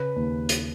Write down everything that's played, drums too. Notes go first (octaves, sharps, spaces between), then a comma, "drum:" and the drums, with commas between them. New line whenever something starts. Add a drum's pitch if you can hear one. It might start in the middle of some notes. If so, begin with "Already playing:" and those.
Already playing: C#3 B4
D#2
drum: hi-hat